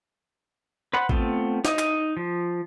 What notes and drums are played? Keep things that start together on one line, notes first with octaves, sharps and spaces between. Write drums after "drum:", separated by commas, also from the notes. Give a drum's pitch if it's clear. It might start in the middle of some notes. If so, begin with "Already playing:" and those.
B4 C5 F#5 B5
A3 B3 C4 F4, drum: kick
D#4 D#5, drum: snare
drum: clap
F3